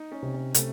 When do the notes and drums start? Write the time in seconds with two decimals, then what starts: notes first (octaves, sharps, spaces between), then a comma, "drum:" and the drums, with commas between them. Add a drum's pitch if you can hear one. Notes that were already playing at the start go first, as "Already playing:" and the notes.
Already playing: D#4
0.12 C#4
0.23 C3
0.33 C#4
0.54 C3 A3, drum: hi-hat